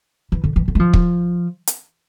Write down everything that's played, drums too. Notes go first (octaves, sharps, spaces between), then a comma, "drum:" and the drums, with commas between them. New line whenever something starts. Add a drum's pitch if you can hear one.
E3
D3
E3
D3
G#3
F3
drum: kick
drum: hi-hat